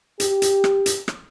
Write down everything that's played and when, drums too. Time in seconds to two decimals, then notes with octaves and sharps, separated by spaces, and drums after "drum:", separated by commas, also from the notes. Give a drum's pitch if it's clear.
0.20 G4, drum: hi-hat
0.42 drum: hi-hat
0.64 drum: rim click
0.86 drum: hi-hat
1.08 drum: rim click